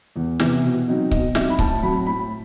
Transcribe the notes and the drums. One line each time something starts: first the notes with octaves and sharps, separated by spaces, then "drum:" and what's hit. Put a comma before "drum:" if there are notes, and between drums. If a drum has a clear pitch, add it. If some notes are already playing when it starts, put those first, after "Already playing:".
E2
C3 E3 B3, drum: snare
B2
F#3 C4 D#4
B2 D#5, drum: kick C#1
F#3 C4 D#4 E5, drum: snare
B5
A2 A5, drum: kick C#1
F#3 C4 B5
A2 B5